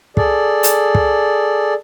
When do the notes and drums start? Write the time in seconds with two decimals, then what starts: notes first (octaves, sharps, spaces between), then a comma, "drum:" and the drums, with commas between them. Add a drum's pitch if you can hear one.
0.17 G#4 A4 D5, drum: kick
0.63 drum: hi-hat
0.95 drum: kick